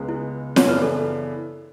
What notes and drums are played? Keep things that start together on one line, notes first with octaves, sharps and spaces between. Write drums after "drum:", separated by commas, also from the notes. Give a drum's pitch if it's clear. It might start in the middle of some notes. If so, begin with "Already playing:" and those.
Already playing: C#2 C#3 G#3 B3
E4
C#5, drum: snare
F#2 C#3 E3 B3 D4 B4
A4